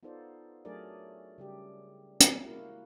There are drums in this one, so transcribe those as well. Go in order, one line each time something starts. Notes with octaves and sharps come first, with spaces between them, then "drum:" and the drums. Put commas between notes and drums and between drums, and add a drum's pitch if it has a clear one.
B3 D#4 F4 A4 C5 D5
F#3 A3 D4 G#4 A#4 D5
C#3 G3 G4
drum: hi-hat
G#3 A#3 E4 F#4 A#4